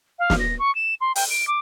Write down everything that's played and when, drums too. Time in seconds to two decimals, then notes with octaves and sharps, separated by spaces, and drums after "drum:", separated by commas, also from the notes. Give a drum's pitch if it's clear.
0.19 F5
0.30 drum: snare
0.40 A#6
0.59 C#6
0.75 E7
1.01 C6
1.15 G5, drum: open hi-hat
1.30 D7
1.48 D6